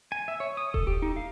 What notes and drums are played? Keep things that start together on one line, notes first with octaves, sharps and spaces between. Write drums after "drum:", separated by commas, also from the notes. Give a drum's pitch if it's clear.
G#5
E5
C#5
D#6
A4, drum: kick D#1
G4
D#4
F5